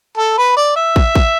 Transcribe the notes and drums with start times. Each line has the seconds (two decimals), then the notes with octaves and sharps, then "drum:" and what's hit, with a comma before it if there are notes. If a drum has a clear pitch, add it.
0.18 A4
0.38 B4
0.57 D5
0.76 E5
0.96 drum: kick
1.15 drum: kick